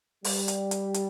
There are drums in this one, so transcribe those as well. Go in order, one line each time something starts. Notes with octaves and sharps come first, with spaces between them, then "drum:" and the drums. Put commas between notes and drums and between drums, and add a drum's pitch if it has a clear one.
G3, drum: open hi-hat
drum: hi-hat
drum: hi-hat
drum: hi-hat